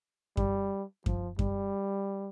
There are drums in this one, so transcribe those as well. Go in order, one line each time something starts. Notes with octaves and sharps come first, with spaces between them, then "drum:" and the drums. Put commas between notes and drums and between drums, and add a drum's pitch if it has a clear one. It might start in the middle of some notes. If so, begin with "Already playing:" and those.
G3, drum: kick F#2
F3, drum: kick F#2
G3, drum: kick F#2